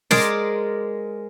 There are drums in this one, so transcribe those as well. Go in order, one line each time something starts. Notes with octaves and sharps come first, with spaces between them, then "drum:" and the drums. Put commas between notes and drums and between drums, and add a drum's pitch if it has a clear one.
G#3 G#4 A#4 C5 D5, drum: snare